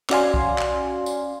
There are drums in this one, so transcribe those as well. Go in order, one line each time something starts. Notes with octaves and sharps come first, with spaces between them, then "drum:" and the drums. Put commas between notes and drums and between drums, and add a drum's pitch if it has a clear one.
C#4 F#4 D5 F5 G#5 C6, drum: clap
drum: kick B1
drum: clap
drum: tambourine